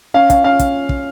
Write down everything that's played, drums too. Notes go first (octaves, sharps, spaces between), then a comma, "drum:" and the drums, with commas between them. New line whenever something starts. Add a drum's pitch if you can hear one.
C#4 F5
C#4 F5, drum: kick, hi-hat
C#4 F5
drum: kick, hi-hat
drum: kick